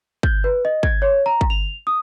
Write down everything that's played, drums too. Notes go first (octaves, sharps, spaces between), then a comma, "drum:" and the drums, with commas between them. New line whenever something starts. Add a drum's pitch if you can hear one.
G6, drum: kick
B4
D#5
G#6, drum: kick
C#5
A#5
drum: kick
F7
D#6